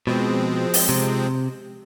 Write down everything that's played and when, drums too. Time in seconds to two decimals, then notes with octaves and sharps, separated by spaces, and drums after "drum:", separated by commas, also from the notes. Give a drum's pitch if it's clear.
0.07 B2 F3 G#3 C4
0.74 drum: open hi-hat
0.89 C3